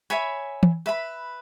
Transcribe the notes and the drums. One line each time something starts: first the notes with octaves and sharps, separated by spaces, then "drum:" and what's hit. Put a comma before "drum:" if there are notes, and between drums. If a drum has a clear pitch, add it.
C#5 E5 G#5 B5
drum: tom
B4 E5 B5